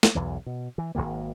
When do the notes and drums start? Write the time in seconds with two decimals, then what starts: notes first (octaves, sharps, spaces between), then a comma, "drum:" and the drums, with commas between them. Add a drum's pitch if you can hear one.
0.03 drum: snare
0.15 B1 E2 E3
0.46 B2
0.78 E3
0.95 G#1 F2 D#3 A#3